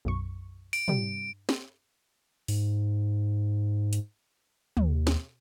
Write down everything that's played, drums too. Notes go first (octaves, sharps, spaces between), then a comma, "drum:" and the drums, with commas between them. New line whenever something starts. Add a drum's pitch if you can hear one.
B1 F#2 C#6
D7, drum: open hi-hat
C3 G3, drum: tom
drum: snare
G#2, drum: open hi-hat
drum: hi-hat
D#2, drum: tom
drum: snare